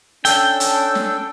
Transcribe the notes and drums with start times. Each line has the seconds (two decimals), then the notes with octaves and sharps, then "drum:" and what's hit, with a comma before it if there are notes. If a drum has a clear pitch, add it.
0.25 C#4 D4 A4 G5 E6, drum: hi-hat
0.60 drum: hi-hat
0.95 drum: snare